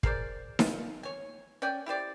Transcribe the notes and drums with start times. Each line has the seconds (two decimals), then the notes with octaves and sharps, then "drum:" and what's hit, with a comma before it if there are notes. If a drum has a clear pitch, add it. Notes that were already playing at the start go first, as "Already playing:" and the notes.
0.03 G#4 A#4 C5 D5, drum: kick
0.59 E4 F4 B4, drum: snare D#4
1.03 C#5 G#5
1.62 C#4 D5 G5 G#5
1.86 E4 G4 C5 D5